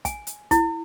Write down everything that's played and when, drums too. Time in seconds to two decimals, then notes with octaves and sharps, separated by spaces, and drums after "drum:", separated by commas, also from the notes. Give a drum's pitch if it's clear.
0.05 G#5, drum: kick, hi-hat
0.27 drum: hi-hat
0.51 E4, drum: kick, hi-hat